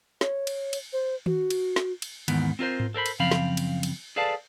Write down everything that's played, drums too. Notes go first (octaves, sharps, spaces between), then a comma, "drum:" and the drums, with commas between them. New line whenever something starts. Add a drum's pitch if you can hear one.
C#5, drum: snare
drum: cymbal
drum: cymbal
C5
F#4, drum: tom D#3
drum: cymbal
drum: snare
drum: cymbal
D#2 G#2 D#3 E3 B3, drum: cymbal
C4 F4 A#4 C5
drum: tom G#2
A4 A#4 C5 B5
drum: cymbal
F#2 C#3 F3 C4 F5 B5
drum: snare
drum: cymbal
drum: cymbal
G#4 A4 B4 D5 F5 A5